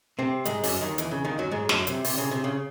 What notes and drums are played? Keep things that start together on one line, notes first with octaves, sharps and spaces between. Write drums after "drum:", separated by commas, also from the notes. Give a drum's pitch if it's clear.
C3 C4
G#2 G#3, drum: hi-hat
F#2 F#3, drum: open hi-hat
D#2 D#3
E2 E3, drum: hi-hat
C#3
D#2 D#3
F#2 F#3
G#2 G#3
F#2 F#3, drum: snare
C3, drum: hi-hat
C3, drum: open hi-hat
C#3
C3
C#3